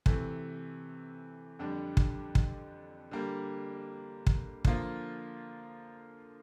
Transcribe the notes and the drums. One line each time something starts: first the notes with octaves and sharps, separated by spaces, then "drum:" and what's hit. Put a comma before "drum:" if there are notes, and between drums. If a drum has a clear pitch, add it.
C3 E3 A3, drum: kick
F2 D3 G3 D4
drum: kick
drum: kick
D3 G3 A#3
drum: kick
D3 F3 A#3 F4, drum: kick